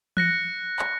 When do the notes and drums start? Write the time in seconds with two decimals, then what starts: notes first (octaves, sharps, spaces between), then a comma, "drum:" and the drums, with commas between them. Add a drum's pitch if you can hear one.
0.17 F#6 A#6 C#7, drum: tom E3
0.79 drum: clap